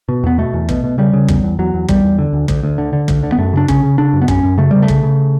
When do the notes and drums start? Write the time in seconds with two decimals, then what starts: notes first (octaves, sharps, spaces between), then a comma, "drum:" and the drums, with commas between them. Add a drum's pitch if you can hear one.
0.09 B2
0.24 E2 B3
0.38 B2 A3
0.53 E2
0.69 B2, drum: kick
0.84 B2
0.98 C#3 G3
1.13 C#3
1.28 E2, drum: kick
1.44 E2
1.59 E2 F#3
1.74 E2
1.88 E2 G3, drum: kick
2.03 E2
2.19 D3
2.33 D2
2.48 D2, drum: kick
2.63 D2
2.78 D3
2.93 D3
3.08 D2, drum: kick
3.23 D3
3.32 B3
3.38 F#2 A3
3.53 C#3 D4
3.68 C#3 C#4, drum: kick
3.83 C#3
3.98 C#3 D4
4.13 F#2
4.22 B3
4.28 F#2 C#4, drum: kick
4.43 F#2
4.58 C#3 A3
4.71 C#3 G3
4.82 A3
4.88 C#3, drum: kick
5.03 C#3